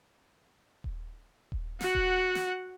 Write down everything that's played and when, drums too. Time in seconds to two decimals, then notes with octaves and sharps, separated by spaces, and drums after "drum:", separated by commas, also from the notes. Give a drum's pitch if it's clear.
0.84 drum: kick D#1
1.52 drum: kick D#1
1.81 F#4 F#5, drum: snare
1.95 drum: kick D#1
2.35 drum: snare